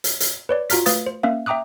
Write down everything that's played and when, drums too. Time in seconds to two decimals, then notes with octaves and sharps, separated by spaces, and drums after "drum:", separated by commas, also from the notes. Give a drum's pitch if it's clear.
0.04 drum: hi-hat
0.20 drum: hi-hat
0.49 B4 C#5 D5
0.70 F4 F#4 A#5 F6 B6, drum: hi-hat
0.86 A3 B4 F5 D#6 A6, drum: hi-hat
1.06 C5
1.23 A#3 C#4 E5 F5
1.46 E5 G5 A#5 D6 D#6 F#6